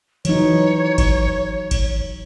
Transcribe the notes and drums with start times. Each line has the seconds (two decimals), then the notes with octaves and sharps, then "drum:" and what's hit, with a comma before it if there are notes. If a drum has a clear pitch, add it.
0.25 E3 F#3 D#4 C#5, drum: cymbal
0.98 drum: kick G1, cymbal
1.71 drum: kick G1, cymbal